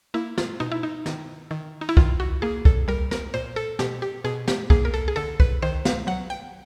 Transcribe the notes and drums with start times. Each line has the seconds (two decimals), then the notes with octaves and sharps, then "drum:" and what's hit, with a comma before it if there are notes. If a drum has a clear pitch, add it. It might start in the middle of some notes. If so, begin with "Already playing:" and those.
0.14 A#3 E4
0.38 F4, drum: snare
0.60 B2 D#4
0.72 E4
0.83 D#4
1.06 D#3, drum: snare
1.51 D#3
1.81 D#4
1.89 E4
1.97 D#3 F4, drum: kick
2.20 F#4
2.42 A#3 G#4
2.65 A4, drum: kick
2.88 G3 A#4
3.11 A#4, drum: snare
3.34 A#2 C5
3.56 A4
3.79 B2 G4, drum: snare
4.02 G4
4.24 B2 G#4
4.48 G4, drum: snare
4.70 A#3 G#4, drum: kick
4.85 A#4
4.94 A4
5.08 G#4
5.16 D3 A4
5.40 B4, drum: kick
5.62 D#3 C5
5.85 F5, drum: snare
6.07 F#3 F#5
6.30 G5